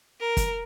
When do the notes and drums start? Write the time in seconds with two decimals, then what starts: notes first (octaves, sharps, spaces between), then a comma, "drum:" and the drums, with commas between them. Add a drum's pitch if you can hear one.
0.20 A#4
0.37 drum: kick, hi-hat